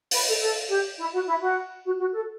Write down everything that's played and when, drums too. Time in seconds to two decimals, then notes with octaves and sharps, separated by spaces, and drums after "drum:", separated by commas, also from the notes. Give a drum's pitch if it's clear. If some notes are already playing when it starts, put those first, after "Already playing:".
0.11 B4, drum: open hi-hat
0.27 A4
0.41 A4
0.69 G4
0.98 E4
1.13 F#4
1.27 E4
1.41 F#4
1.84 F#4
1.99 F#4
2.13 A4